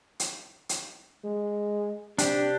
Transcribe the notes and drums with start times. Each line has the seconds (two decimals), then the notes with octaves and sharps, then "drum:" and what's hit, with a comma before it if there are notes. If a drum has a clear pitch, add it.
0.20 drum: hi-hat
0.69 drum: hi-hat
1.24 G#3
2.18 C3 D4 G4, drum: hi-hat